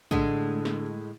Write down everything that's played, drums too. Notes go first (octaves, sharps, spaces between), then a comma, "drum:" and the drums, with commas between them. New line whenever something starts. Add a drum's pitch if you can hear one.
A2 D3 G#3, drum: kick
drum: snare